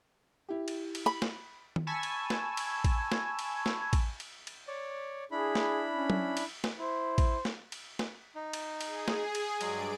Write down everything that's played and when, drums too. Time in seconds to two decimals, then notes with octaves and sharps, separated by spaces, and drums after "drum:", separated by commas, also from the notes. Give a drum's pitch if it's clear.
0.49 E4 G4
0.68 drum: cymbal
0.95 drum: cymbal
1.06 B5
1.22 drum: snare
1.76 drum: tom D#3
1.87 G#5 A5 B5 C#6 E6 G#6
2.03 drum: cymbal
2.30 drum: snare
2.57 drum: cymbal
2.84 drum: kick A1, cymbal
3.12 drum: snare
3.39 drum: cymbal
3.66 drum: snare
3.93 drum: kick A1, cymbal
4.20 drum: cymbal
4.47 drum: cymbal
4.67 C#5 D5
5.31 D4 E4 G#4 B5
5.55 drum: snare
5.90 C#4
6.10 drum: tom F#3
6.37 drum: cymbal
6.64 drum: snare
6.78 E4 C5
7.18 drum: kick A1, cymbal
7.45 drum: snare
7.72 drum: cymbal
7.99 drum: snare
8.35 D#4
8.53 drum: cymbal
8.81 G#4, drum: cymbal
9.08 drum: snare
9.35 drum: cymbal
9.61 G2 F#3 G#3 D5 D7, drum: cymbal